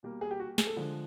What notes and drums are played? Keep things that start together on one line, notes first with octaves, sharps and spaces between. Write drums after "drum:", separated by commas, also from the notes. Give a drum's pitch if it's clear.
B2 G3 A#3
G#4
G4
F#4
G#4, drum: snare
A4
D3 F3 G#3